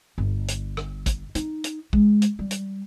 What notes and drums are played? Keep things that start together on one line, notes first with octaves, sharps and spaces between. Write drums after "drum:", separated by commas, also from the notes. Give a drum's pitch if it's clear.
G1
drum: hi-hat
drum: rim click
drum: kick, hi-hat
D#4, drum: hi-hat
drum: hi-hat
G#3, drum: kick
drum: hi-hat
G3
drum: hi-hat